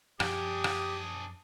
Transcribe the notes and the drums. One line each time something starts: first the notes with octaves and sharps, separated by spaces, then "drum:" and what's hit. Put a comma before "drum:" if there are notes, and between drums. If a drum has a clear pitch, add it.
F#2 F3 D4 G4 G#4 D#6, drum: rim click
drum: rim click